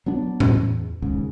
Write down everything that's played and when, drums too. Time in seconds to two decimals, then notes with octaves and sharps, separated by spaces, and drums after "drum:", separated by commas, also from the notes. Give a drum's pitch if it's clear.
0.06 F#3 B3 D4
0.40 E2, drum: tom A2
1.02 E1 D#2 G#2 C#3